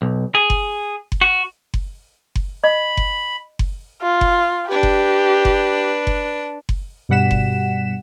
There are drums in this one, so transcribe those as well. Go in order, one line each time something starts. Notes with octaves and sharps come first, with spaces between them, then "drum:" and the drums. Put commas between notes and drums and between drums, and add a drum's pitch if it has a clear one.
B1
G#4
drum: kick F#1
drum: kick F#1
F#4
drum: kick F#1
drum: kick F#1
D#5 B5
drum: kick F#1
drum: kick F#1
F4
drum: kick F#1
D4 G4 B4
drum: kick F#1
drum: kick F#1
drum: kick F#1
drum: kick F#1
G2 B2 G3 F#5 B6 E7
drum: kick F#1